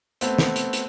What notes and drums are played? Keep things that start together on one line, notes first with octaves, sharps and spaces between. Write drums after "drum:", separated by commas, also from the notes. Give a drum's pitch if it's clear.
A3 B3 C4, drum: hi-hat
drum: snare
drum: hi-hat
drum: hi-hat